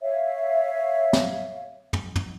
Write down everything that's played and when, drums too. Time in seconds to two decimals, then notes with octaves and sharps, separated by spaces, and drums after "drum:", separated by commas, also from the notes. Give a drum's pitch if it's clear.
0.01 C#5 E5 F5
1.13 drum: snare
1.93 drum: tom
2.16 drum: tom